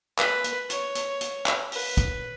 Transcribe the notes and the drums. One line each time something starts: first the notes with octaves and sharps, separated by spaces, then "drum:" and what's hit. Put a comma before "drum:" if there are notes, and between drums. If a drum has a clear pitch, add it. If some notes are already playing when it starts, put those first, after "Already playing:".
B4, drum: clap
drum: hi-hat
C#5, drum: hi-hat
drum: hi-hat
drum: hi-hat
drum: clap
B4, drum: open hi-hat
drum: kick, hi-hat